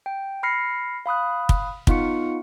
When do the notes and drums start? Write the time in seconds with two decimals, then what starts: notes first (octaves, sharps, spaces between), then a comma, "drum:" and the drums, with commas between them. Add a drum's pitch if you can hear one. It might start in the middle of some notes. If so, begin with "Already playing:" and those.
0.06 G5
0.43 B5 F6 A#6 C7 C#7
1.06 F5 B5 D#6 F#6
1.49 drum: kick
1.87 B3 D#4 F4 F5 C#6 C#7, drum: kick